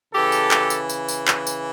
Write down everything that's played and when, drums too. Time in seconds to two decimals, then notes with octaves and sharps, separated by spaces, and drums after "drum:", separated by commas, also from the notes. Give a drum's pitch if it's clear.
0.13 C#3 E3 G4 A4
0.32 drum: tambourine
0.51 drum: clap
0.70 drum: tambourine
0.89 drum: tambourine
1.09 drum: tambourine
1.28 drum: clap
1.47 drum: tambourine